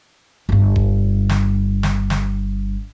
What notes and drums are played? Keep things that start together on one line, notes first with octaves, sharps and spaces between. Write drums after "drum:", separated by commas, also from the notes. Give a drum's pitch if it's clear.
G1 G2
drum: kick D#1
drum: snare
drum: snare
drum: snare